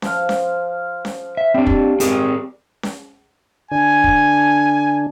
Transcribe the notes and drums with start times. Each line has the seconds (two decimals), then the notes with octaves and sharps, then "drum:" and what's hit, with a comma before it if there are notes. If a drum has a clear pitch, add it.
0.02 F3 F5, drum: snare C#4
0.29 drum: snare C#4
1.05 drum: snare C#4
1.37 E5
1.54 G3 C4 D4
1.67 drum: kick
2.00 C4 G#4 A#4, drum: hi-hat
2.83 drum: snare C#4
3.71 D3 D4 G#5
4.04 drum: kick